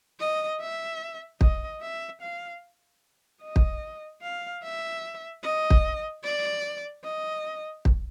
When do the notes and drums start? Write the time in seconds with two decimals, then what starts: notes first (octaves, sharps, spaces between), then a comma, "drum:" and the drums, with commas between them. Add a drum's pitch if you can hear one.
0.20 D#5
0.61 E5
1.41 D#5, drum: kick
1.82 E5
2.21 F5
3.42 D#5
3.56 drum: kick
4.22 F5
4.63 E5
5.44 D#5
5.70 drum: kick
6.24 D5
7.04 D#5
7.85 drum: kick